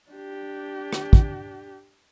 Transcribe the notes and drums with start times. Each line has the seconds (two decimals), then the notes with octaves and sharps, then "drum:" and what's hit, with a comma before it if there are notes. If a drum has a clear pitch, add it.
0.11 D4 G4
0.93 drum: rim click
1.13 drum: kick